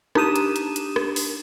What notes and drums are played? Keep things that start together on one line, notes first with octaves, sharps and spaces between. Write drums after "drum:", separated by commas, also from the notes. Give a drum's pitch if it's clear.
D4 D#4 G4 D#6 D#7 E7, drum: rim click
drum: hi-hat
drum: hi-hat
drum: hi-hat
drum: rim click
drum: open hi-hat